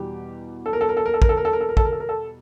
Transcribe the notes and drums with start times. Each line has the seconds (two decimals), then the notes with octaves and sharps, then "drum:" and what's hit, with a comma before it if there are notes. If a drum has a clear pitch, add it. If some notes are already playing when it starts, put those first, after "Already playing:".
Already playing: E2 B2 G3 G4
0.66 A4
0.73 A#4
0.81 A4
0.89 A#4
0.97 A4
1.06 A#4
1.14 A4
1.22 A#4, drum: kick
1.29 A4
1.37 A#4
1.45 A4
1.53 A#4
1.61 A4
1.69 A#4
1.77 A4, drum: kick
1.85 A#4
1.92 A4
2.00 A#4
2.09 A4